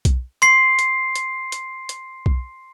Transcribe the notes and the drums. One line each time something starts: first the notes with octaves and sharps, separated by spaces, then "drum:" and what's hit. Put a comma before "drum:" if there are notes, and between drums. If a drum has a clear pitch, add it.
drum: kick B1, hi-hat
C6 C7, drum: hi-hat
drum: hi-hat
drum: hi-hat
drum: hi-hat
drum: hi-hat
drum: kick B1